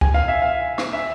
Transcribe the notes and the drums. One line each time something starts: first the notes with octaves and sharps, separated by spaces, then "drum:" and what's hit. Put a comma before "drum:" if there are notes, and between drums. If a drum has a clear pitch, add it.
G#5, drum: kick C#2
F5
E5
F5
drum: rim click
E5